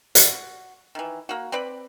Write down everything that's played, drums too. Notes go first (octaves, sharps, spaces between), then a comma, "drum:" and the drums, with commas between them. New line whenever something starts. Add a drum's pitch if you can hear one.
F#4, drum: hi-hat
D#3 E3
A#3 F#4
C4 B4 D5 B5